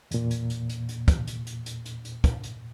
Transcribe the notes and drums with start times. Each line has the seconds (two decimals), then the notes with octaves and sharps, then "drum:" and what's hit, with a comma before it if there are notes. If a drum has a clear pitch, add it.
0.11 E2 A#2, drum: hi-hat
0.30 drum: hi-hat
0.50 drum: hi-hat
0.69 drum: hi-hat
0.88 drum: hi-hat
1.08 drum: kick, hi-hat
1.27 drum: hi-hat
1.47 drum: hi-hat
1.66 drum: hi-hat
1.85 drum: hi-hat
2.05 drum: hi-hat
2.24 drum: kick, hi-hat
2.43 drum: hi-hat